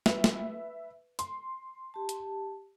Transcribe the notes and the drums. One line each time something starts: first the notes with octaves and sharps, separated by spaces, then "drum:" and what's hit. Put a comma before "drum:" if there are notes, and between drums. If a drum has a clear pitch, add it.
B4 E5, drum: snare
drum: snare
C6, drum: hi-hat
G4 A5
drum: hi-hat